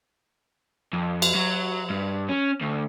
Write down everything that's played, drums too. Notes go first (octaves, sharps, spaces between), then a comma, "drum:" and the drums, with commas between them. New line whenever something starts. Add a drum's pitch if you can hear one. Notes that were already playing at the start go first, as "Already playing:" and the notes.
F2
drum: cymbal
F#3
G2
C#4
D2